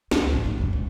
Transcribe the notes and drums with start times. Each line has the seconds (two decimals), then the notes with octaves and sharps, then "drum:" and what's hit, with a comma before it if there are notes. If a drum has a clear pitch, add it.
0.11 C#2, drum: snare
0.33 A#1 A2
0.44 C2 E4
0.58 E1 F#2
0.73 C#2